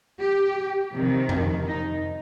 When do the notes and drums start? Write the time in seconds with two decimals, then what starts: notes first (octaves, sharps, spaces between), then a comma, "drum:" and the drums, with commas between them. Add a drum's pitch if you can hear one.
0.18 G4
0.93 C3 D#3
1.29 drum: tom F2
1.67 D#4